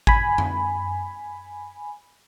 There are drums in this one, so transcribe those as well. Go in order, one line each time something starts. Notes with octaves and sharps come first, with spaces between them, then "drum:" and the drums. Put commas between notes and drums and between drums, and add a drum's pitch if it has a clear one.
G#5 B5, drum: kick G#1
drum: tom F#2